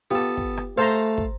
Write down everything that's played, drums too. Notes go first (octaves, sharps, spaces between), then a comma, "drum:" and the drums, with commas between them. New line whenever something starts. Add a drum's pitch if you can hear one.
B3 F4 G4 A4
drum: kick
drum: rim click
A3 A4 C5 F5 A#5
drum: kick